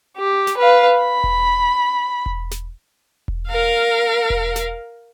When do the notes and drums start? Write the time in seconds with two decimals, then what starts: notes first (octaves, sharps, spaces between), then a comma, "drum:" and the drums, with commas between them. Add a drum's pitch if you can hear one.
0.17 G4
0.47 drum: snare
0.58 B4 F5
0.98 B5
1.24 drum: kick E1
2.26 drum: kick E1
2.51 drum: snare
3.28 drum: kick E1
3.48 A#4 F5
4.30 drum: kick E1
4.56 drum: snare